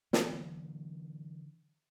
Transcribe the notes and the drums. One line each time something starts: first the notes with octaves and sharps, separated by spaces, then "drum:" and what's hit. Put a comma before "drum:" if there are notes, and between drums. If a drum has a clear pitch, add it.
D3 E3 F#3 A#3, drum: snare